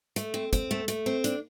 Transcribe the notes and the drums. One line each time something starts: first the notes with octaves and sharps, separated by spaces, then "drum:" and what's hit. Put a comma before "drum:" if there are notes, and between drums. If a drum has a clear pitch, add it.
A3, drum: hi-hat
C4
C4, drum: kick, hi-hat
A3
A3, drum: hi-hat
C4
D4, drum: hi-hat